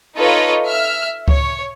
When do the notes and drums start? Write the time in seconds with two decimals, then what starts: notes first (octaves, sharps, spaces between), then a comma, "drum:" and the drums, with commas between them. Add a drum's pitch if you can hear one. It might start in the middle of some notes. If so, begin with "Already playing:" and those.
0.16 D#4 F4 A4 B4 C#5 D#5
0.66 E5 F6
1.28 C#5, drum: kick C#2